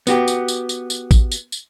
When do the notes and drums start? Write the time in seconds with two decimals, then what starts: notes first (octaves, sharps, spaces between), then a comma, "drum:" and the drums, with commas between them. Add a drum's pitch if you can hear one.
0.07 B3 F#4 G4, drum: tambourine
0.28 drum: tambourine
0.48 drum: tambourine
0.69 drum: tambourine
0.90 drum: tambourine
1.11 drum: kick A1, tambourine
1.32 drum: tambourine
1.52 drum: tambourine